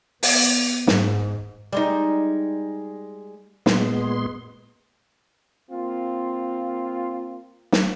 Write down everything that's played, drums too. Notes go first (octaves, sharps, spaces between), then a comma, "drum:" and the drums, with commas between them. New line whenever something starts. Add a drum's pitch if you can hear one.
B3, drum: open hi-hat
G#2, drum: snare
G3 G#3 D#4
A#2 G#3 B3 C6, drum: snare
A#3 C4 F4
drum: snare